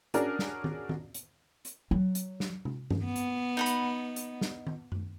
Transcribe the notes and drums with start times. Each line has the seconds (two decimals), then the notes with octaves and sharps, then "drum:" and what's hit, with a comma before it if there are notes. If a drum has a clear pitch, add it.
0.14 C#4 D4 F#4 G#4 A#4 D5, drum: hi-hat
0.39 drum: snare
0.64 drum: tom D#3
0.89 drum: tom D#3
1.14 drum: hi-hat
1.65 drum: hi-hat
1.91 F#3
2.15 drum: hi-hat
2.40 drum: snare
2.65 drum: tom C3
2.91 drum: tom G2
3.05 B3
3.16 drum: hi-hat
3.57 D#4 F#5 B5
3.66 drum: hi-hat
4.16 drum: hi-hat
4.41 drum: snare
4.67 drum: tom D#3
4.92 drum: tom F#2